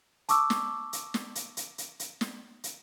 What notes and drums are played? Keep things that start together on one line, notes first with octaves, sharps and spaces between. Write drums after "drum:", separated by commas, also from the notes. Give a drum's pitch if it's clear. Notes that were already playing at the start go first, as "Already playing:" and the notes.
A5 C#6 D6 E6, drum: hi-hat
drum: snare
drum: hi-hat
drum: snare
drum: hi-hat
drum: hi-hat
drum: hi-hat
drum: hi-hat
drum: snare
drum: hi-hat